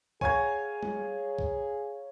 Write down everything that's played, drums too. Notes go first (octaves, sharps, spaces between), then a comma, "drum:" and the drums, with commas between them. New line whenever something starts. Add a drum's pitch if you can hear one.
G#4 C#5 F5 G#5 A#5 G#6, drum: kick B1
drum: tom G3
drum: kick B1